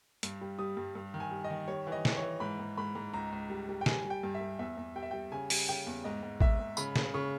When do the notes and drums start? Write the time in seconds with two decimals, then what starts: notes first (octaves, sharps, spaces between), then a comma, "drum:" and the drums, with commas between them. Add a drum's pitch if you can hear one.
0.23 G2, drum: hi-hat
0.41 G3
0.59 G3 D#6
0.77 G2
0.95 G2
1.14 D#3
1.20 G#5
1.31 G3
1.44 D#5
1.50 D#3
1.68 G3 C#5
1.87 E3
1.92 D#5
2.05 E3, drum: snare
2.17 C#5
2.22 E3
2.40 G#2 B5
2.59 G#2
2.77 G#2 B5
2.95 G#2
3.13 C#2 A#5
3.32 C#2
3.50 G3
3.69 G3
3.81 G5
3.86 G3 G#5, drum: snare
4.05 G3
4.10 G5
4.23 G2
4.35 E5
4.41 G2
4.59 E2 E5
4.77 E2
4.96 G3 G5
5.03 E5
5.11 G3 G5
5.32 C#3 G#5
5.50 G3, drum: open hi-hat
5.69 C#3 G5
5.87 E2
6.04 G#2 D#5
6.23 G#2
6.41 G#2 E5, drum: kick A1
6.60 G#2
6.77 C#3 B5, drum: tambourine
6.96 C#3, drum: snare
7.14 C#3 C#6